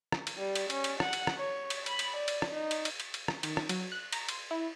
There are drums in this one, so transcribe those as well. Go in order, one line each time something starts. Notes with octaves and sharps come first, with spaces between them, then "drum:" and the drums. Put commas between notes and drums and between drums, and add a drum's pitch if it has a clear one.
drum: rim click
drum: cymbal
G3
drum: cymbal
C#4, drum: cymbal
drum: cymbal
F#5, drum: rim click
drum: cymbal
drum: rim click
C#5
drum: cymbal
B5, drum: cymbal
drum: cymbal
D5
drum: cymbal
drum: rim click
D#4
drum: cymbal
drum: cymbal
drum: cymbal
drum: cymbal
drum: rim click
D#3, drum: cymbal
drum: rim click
F#3, drum: cymbal
F#6
A#5, drum: cymbal
C6, drum: cymbal
E4